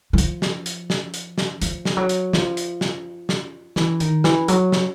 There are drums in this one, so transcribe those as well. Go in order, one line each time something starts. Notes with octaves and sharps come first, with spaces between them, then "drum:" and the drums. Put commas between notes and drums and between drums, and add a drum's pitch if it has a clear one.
E3
F3, drum: hi-hat
drum: snare
drum: hi-hat
drum: snare
drum: hi-hat
drum: snare
F3, drum: hi-hat
drum: snare
F#3
drum: hi-hat
F3, drum: snare
drum: hi-hat
drum: snare
drum: snare
E3, drum: snare
D#3, drum: hi-hat
E3, drum: snare
F#3, drum: hi-hat
drum: snare